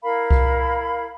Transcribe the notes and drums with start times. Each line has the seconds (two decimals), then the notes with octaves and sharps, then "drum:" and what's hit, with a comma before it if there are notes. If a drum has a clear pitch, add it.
0.03 E4 A#4 F5 B5
0.31 drum: kick C2